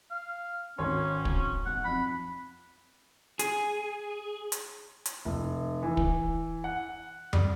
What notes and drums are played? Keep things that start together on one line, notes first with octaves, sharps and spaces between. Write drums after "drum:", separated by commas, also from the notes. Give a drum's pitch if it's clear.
F5
G#1 C#4 C#5 C6
drum: kick
B1 F#5
F2 B5
G#4, drum: hi-hat
drum: hi-hat
drum: hi-hat
F1
E3
drum: kick
F#5
G3, drum: tom